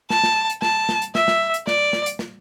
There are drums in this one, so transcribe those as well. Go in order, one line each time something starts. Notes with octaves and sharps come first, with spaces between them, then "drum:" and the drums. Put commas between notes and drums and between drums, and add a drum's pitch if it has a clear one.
A5, drum: snare
drum: snare
drum: hi-hat
A5, drum: snare
drum: snare
drum: hi-hat
E5, drum: snare
drum: snare
drum: hi-hat
D5, drum: snare
drum: snare
drum: hi-hat
drum: snare